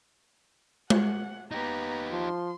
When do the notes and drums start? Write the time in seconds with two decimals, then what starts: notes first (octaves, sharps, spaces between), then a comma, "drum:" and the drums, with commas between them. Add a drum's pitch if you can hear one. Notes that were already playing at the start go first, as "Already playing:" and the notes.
0.90 F#5, drum: tom G#3
1.52 B3 D#4 G4 A#5
2.11 F3 C6